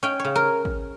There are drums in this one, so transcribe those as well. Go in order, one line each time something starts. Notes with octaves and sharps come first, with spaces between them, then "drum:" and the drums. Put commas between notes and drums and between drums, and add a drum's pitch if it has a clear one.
C#4 G5
C#5
C#3
A#4
drum: kick G#1